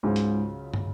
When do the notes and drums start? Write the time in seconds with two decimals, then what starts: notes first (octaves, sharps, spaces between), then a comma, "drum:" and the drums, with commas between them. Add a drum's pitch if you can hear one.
0.03 C#2 G#2 C#3 F#3 C#4 F4
0.16 drum: hi-hat
0.74 drum: tom